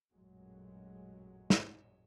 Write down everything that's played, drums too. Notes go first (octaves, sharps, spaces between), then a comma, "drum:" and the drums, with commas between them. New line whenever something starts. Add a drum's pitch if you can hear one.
A1 F#2 A#2 F#3 G#3
drum: snare